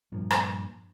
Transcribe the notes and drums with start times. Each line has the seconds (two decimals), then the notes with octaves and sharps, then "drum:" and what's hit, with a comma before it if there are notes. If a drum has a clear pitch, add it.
0.12 G2 A#2 F3
0.30 drum: rim click